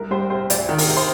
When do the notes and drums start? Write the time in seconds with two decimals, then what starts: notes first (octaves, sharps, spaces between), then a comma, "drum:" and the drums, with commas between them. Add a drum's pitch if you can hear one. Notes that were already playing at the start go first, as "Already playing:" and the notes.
Already playing: C2 A#4
0.11 G3 C5
0.30 C3 C5
0.50 D2 D5, drum: hi-hat
0.69 D#3
0.78 A#4, drum: open hi-hat
0.88 C3
0.97 C5